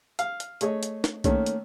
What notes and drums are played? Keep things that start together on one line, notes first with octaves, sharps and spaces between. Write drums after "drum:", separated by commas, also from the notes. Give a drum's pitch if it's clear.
F5, drum: hi-hat
drum: hi-hat
A3 G#4 C#5 D#5, drum: hi-hat
drum: hi-hat
drum: snare
D#3 A3 A#3 C#4, drum: kick B1, hi-hat
drum: hi-hat